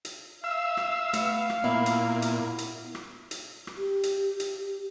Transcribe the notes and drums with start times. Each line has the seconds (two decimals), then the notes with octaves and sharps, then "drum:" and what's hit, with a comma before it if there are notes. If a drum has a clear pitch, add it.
0.05 drum: hi-hat
0.44 E5 F5
0.77 drum: rim click
1.13 A3 B3, drum: hi-hat
1.50 drum: rim click
1.64 A#2 B3 E4
1.86 drum: hi-hat
2.22 drum: hi-hat
2.58 drum: hi-hat
2.95 drum: rim click
3.31 drum: hi-hat
3.67 drum: rim click
3.77 G4
4.03 drum: hi-hat
4.40 drum: hi-hat